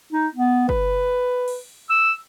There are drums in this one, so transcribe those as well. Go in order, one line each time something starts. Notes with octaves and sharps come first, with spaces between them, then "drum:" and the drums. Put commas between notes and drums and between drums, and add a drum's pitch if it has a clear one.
D#4
B3
B4, drum: kick
drum: cymbal
E6